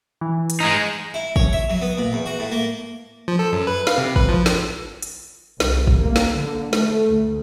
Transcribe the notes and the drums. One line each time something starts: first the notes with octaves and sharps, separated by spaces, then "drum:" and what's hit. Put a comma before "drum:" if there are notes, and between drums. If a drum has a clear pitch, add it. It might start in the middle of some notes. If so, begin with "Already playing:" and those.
E3
drum: hi-hat
G#3 D#4
E4
C#5, drum: kick
E5
F#3
B3
A#2
E2
F#4
A2
A#3
F3
A4
F#2
B4
F5, drum: snare
C3
B4, drum: kick
F3
drum: snare
drum: hi-hat
C2, drum: snare
drum: kick
A#3
drum: snare
D3
A3, drum: snare
D2